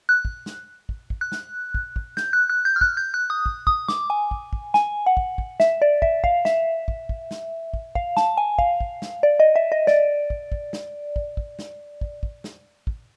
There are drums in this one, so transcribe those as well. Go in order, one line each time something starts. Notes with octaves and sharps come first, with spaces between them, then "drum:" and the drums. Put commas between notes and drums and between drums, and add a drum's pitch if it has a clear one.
F#6
drum: kick
drum: snare
drum: kick
drum: kick
F#6
drum: snare
drum: kick
drum: kick
G6, drum: snare
F#6
F#6
G6
F6
F#6, drum: kick
G6
F#6
D#6
drum: kick
D#6, drum: kick
D6, drum: snare
G#5
drum: kick
drum: kick
G#5, drum: snare
F#5
drum: kick
drum: kick
E5, drum: snare
D5
E5, drum: kick
F5, drum: kick
E5, drum: snare
drum: kick
drum: kick
drum: snare
drum: kick
F5, drum: kick
A5, drum: snare
G#5
F5, drum: kick
drum: kick
drum: snare
D5
D#5
E5
D#5
D5, drum: snare
drum: kick
drum: kick
drum: snare
drum: kick
drum: kick
drum: snare
drum: kick
drum: kick
drum: snare
drum: kick